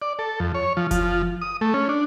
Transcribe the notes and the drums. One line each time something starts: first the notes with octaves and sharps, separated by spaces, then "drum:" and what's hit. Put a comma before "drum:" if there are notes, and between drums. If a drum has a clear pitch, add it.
D5
A4
F2
C#5
F3
F3, drum: kick F#1, hi-hat
D#6
A3
C#4
D4